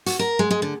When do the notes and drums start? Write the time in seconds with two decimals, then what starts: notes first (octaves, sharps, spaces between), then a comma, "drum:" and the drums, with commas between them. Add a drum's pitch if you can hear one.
0.06 F#4, drum: hi-hat
0.19 A#4
0.39 G#3
0.51 G#3
0.62 D3